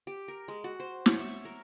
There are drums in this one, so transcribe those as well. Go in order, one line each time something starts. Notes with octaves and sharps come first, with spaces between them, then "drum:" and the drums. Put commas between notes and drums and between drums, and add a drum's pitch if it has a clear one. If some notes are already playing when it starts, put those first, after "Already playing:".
G4
A#4
G#3
F#4
C5
C#5, drum: snare
E5
A#4